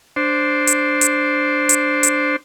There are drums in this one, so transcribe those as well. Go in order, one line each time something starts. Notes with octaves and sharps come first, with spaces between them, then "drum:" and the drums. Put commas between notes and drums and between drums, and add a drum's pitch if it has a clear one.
D4 C5
drum: hi-hat
drum: hi-hat
drum: hi-hat
drum: hi-hat